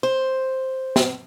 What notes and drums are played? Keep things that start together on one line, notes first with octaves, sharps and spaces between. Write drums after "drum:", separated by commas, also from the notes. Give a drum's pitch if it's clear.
C5
drum: snare